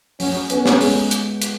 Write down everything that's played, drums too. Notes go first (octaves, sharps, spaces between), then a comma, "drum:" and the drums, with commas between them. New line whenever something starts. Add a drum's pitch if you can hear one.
F#3 C#4, drum: open hi-hat
B3 C#4, drum: hi-hat
drum: snare
G#3, drum: open hi-hat
drum: hi-hat
drum: hi-hat